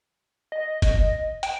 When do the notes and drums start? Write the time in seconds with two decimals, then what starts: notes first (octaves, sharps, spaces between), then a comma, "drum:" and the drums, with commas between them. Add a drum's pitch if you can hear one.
0.52 D#5
0.82 drum: kick, hi-hat
1.43 G5, drum: hi-hat